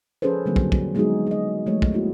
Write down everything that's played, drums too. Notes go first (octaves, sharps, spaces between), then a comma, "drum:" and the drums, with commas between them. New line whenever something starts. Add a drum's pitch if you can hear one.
F3 C#4 G#4 A4 B4 C5
D3 D#3 F#3 G3 A#3 C4
drum: kick
drum: kick
F#3 G#3 B3 D#4 F#4 G#4
G#4 D#5
F3 G#3 A3 C#5
drum: kick
A#3 C4 E4 F#4